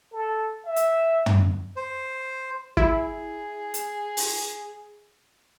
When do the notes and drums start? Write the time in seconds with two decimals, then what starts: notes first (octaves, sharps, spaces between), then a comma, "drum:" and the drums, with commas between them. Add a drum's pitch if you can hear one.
0.13 A4
0.65 E5
0.76 drum: hi-hat
1.26 drum: tom
1.76 C5
2.77 E4 G#4, drum: kick
3.74 drum: hi-hat
4.17 drum: open hi-hat